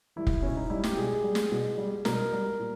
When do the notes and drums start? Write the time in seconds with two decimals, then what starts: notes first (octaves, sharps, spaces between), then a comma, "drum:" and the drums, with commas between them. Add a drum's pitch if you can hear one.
0.16 E3 G3 E4
0.27 drum: kick
0.43 B2 C#4
0.56 D#4
0.70 G3 E4
0.84 G4, drum: snare
0.97 B2 G#4
1.24 G3
1.35 drum: snare
1.51 B2
1.78 G3
2.05 B2 A#4, drum: snare
2.33 G3
2.59 A#2